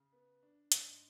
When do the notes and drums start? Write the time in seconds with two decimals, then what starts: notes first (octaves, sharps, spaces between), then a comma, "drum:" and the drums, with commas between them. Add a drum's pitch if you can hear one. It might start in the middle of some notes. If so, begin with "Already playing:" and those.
Already playing: C#3
0.12 B3
0.43 D4
0.72 G#2, drum: hi-hat